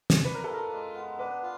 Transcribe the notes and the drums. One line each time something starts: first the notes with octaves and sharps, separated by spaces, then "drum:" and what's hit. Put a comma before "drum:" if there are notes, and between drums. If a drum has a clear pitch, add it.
drum: snare
D4 B4
A#4
F4 A4
A#4
G#3
B3
D4 B4
F4